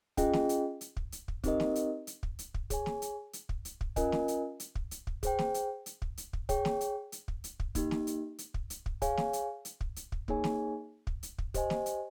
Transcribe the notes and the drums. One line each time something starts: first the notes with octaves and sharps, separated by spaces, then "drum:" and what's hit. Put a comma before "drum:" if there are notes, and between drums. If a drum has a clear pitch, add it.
C#4 F4 G#4 D#5 G5, drum: kick, hi-hat
drum: snare
drum: hi-hat
drum: hi-hat
drum: kick
drum: hi-hat
drum: kick
C4 D#4 G4 A#4 D#5, drum: kick, hi-hat
drum: snare
drum: hi-hat
drum: hi-hat
drum: kick
drum: hi-hat
drum: kick
G#4 C#5 G#5, drum: kick, hi-hat
drum: snare
drum: hi-hat
drum: hi-hat
drum: kick
drum: hi-hat
drum: kick
C#4 F4 A#4 D#5 G#5, drum: kick, hi-hat
drum: snare
drum: hi-hat
drum: hi-hat
drum: kick
drum: hi-hat
drum: kick
G#4 C5 G5, drum: kick, hi-hat
drum: snare
drum: hi-hat
drum: hi-hat
drum: kick
drum: hi-hat
drum: kick
G#4 C#5 G5, drum: kick, hi-hat
drum: snare
drum: hi-hat
drum: hi-hat
drum: kick
drum: hi-hat
drum: kick
A#3 D#4 G4, drum: kick, hi-hat
drum: snare
drum: hi-hat
drum: hi-hat
drum: kick
drum: hi-hat
drum: kick
G#4 C#5 F5 G#5, drum: kick, hi-hat
drum: snare
drum: hi-hat
drum: hi-hat
drum: kick
drum: hi-hat
drum: kick
A#3 D#4 G#4 C#5 G#5, drum: kick
drum: snare
drum: kick
drum: hi-hat
drum: kick
G4 C5 D#5 G#5, drum: kick, hi-hat
drum: snare
drum: hi-hat